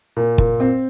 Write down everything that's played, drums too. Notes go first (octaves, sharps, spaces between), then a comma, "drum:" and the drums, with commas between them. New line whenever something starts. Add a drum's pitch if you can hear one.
A#2
A#2, drum: kick
C4